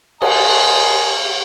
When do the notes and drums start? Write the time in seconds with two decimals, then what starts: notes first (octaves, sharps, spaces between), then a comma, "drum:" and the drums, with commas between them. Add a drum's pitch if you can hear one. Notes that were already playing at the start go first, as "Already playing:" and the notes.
0.22 A#4 C5 D#5 G#5 A5, drum: cymbal